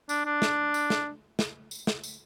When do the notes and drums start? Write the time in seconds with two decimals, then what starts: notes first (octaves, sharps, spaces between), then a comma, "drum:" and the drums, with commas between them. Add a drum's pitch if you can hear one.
0.09 D4, drum: tambourine
0.26 D4
0.42 drum: snare
0.74 drum: tambourine
0.90 drum: snare
1.39 drum: snare
1.71 drum: tambourine
1.87 drum: snare
2.03 drum: tambourine